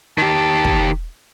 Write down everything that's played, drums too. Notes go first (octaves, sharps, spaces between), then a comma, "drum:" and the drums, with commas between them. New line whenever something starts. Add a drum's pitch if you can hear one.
D#3 G4 A5
drum: kick